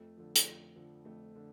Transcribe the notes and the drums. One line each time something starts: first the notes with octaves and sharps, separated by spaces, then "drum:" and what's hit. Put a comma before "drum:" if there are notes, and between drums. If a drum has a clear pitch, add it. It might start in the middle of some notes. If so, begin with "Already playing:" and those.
Already playing: F2 A3
D3 F3
drum: hi-hat
F2
D3 F3
F2 A3
D3